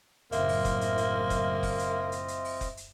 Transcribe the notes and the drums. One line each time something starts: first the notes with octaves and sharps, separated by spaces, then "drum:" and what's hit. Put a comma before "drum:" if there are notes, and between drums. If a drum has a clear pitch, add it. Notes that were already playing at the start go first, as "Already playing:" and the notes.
F#1 A2 A#3 C4 F4 D#5 E5, drum: hi-hat
drum: open hi-hat
drum: kick F1, hi-hat
drum: hi-hat
drum: hi-hat
drum: kick F1, hi-hat
drum: kick F1, open hi-hat
drum: hi-hat
drum: hi-hat
drum: hi-hat
drum: open hi-hat
drum: kick F1, hi-hat
drum: hi-hat